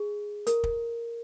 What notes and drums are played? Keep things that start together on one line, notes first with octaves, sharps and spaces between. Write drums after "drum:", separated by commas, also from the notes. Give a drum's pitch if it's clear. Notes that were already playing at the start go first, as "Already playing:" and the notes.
Already playing: G#4
A#4, drum: hi-hat
drum: kick